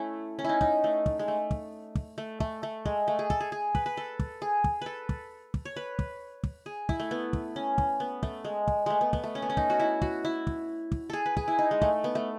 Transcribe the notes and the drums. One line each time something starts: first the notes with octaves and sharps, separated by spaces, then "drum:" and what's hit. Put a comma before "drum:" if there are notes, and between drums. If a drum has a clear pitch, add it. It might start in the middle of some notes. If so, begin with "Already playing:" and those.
Already playing: A3 C#4 E4
C#4
D#4 E4
D#4, drum: kick
A3
drum: kick
G#3
A3
drum: kick
drum: kick
A3
A3, drum: kick
A3
G#3, drum: kick
A3
G#4
A4, drum: kick
G#4
G#4
B4, drum: kick
B4
A4
drum: kick
G#4
drum: kick
A4 B4
drum: kick
drum: kick
C#5
B4
drum: kick
drum: kick
G#4
E4, drum: kick
A3
B3
drum: kick
C#4
drum: kick
B3
A3, drum: kick
G#3
drum: kick
G#3 A3
B3
B3, drum: kick
A3
C#4
B3
C#4
D#4, drum: kick
F#4
E4
F#4, drum: kick
E4
drum: kick
drum: kick
G#4 A4
B4
G#4, drum: kick
E4
D#4
G#3
A3, drum: kick
B3
A3